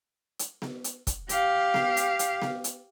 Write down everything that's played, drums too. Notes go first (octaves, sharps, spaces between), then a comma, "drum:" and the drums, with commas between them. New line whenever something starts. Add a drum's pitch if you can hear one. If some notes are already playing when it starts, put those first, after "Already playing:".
drum: hi-hat
drum: snare B3
drum: hi-hat
drum: kick, hi-hat
G4 F5, drum: hi-hat
drum: snare B3
drum: hi-hat
drum: hi-hat
drum: snare B3
drum: hi-hat